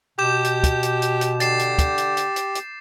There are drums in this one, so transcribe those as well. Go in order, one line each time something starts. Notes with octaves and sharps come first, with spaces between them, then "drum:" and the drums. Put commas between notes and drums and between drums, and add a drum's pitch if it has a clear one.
B2 G4 D6 G6 E7
drum: hi-hat
drum: kick, hi-hat
drum: hi-hat
drum: hi-hat
drum: hi-hat
D3 G4 A6 C7 E7, drum: hi-hat
drum: hi-hat
drum: kick, hi-hat
drum: hi-hat
drum: hi-hat
drum: hi-hat
drum: hi-hat